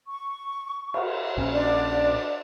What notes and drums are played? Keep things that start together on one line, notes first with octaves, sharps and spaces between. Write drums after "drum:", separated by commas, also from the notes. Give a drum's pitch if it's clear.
C#6
drum: cymbal
A#1 A#2 C#4
D4 D5